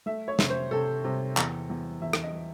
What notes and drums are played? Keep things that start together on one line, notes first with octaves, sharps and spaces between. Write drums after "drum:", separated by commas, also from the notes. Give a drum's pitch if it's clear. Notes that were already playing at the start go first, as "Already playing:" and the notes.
A3 E5
C#5
C3, drum: snare
C5
C3 A4
C3
E2, drum: clap
E2
E2 E5
drum: rim click
D#5